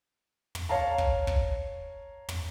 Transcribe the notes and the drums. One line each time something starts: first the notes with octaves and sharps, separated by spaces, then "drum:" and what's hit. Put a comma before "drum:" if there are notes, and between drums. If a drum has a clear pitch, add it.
drum: tom
C#5 F5 A5 A#5
drum: kick
drum: kick
drum: tom